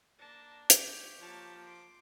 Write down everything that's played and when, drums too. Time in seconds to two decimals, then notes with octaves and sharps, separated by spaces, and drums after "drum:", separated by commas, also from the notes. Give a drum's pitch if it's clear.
0.19 A#3 D4 A5 A#6
0.70 G4 C#5, drum: hi-hat
1.20 F3 A#3 C#5 A5
1.66 C6 D6